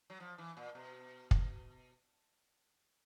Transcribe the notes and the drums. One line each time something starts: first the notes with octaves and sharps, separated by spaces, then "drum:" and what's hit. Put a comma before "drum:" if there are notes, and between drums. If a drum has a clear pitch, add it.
F#3
F3
E3
A#2
B2
drum: kick